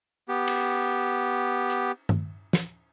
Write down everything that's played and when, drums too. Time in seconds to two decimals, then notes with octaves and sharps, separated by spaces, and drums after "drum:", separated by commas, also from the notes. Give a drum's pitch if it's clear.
0.29 B3 G4
0.48 drum: cymbal
1.70 drum: hi-hat
2.09 drum: tom
2.53 drum: snare